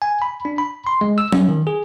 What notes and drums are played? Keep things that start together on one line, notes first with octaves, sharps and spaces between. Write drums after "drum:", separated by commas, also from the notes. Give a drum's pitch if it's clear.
G#5
B5
D4
B5
C6
G#3
E6
C#4, drum: tom F#3
D#3
G#4